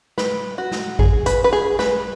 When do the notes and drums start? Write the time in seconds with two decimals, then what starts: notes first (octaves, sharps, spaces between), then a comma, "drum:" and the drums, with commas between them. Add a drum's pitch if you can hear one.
0.18 B4, drum: snare
0.58 F#4
0.72 drum: snare
0.99 G#4, drum: kick G#1
1.26 B4, drum: hi-hat
1.44 B4
1.53 G#4
1.79 B4, drum: snare